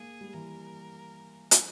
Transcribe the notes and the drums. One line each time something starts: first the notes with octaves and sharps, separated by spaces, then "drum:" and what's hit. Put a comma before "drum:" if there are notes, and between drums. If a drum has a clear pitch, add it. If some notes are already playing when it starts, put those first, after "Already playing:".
Already playing: A#3 G#4
G3
E3 A#4
drum: hi-hat